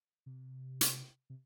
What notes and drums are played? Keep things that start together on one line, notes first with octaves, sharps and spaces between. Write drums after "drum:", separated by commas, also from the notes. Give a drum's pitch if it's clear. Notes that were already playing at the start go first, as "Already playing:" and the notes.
C3
drum: hi-hat
C3